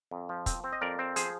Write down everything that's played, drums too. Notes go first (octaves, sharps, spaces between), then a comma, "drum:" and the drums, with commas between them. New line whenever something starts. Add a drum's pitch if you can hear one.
F2
F3
C4, drum: kick, hi-hat
C4
D#5
F2 A#4 D5
C4
F3 G#4 C5, drum: hi-hat